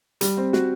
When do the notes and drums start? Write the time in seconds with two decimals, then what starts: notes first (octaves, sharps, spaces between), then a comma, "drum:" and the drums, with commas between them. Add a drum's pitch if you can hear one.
0.21 G3, drum: hi-hat
0.37 C4
0.53 F#4, drum: snare